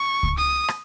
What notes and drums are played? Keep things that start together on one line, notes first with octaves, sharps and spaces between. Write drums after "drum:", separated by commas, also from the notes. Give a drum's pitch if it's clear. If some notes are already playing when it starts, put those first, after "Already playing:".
Already playing: C#6
drum: kick C#2
D#6
drum: rim click